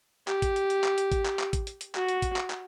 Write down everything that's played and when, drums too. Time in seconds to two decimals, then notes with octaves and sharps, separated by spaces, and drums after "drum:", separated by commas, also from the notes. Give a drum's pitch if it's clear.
0.28 G4, drum: clap
0.42 drum: kick A1, hi-hat
0.56 drum: hi-hat
0.70 drum: hi-hat
0.84 drum: clap
0.98 drum: hi-hat
1.12 drum: kick A1, hi-hat
1.25 drum: clap
1.39 drum: clap
1.53 drum: kick A1, hi-hat
1.67 drum: hi-hat
1.81 drum: hi-hat
1.95 F#4, drum: clap
2.09 drum: hi-hat
2.22 drum: kick A1, hi-hat
2.36 drum: clap
2.50 drum: clap